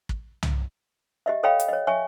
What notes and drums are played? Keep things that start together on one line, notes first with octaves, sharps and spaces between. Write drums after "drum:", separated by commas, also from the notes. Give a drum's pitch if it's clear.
drum: kick
drum: tom C2
G4 D#5 E5
A4 C#5 D#5 F5 G5 B5
drum: hi-hat
C#5 D#5
C#5 E5 G#5 C#6